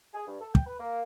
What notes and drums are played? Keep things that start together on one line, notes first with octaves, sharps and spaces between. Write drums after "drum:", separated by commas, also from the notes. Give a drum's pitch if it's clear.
G#4
G2
A4
G5, drum: kick
B4
A#3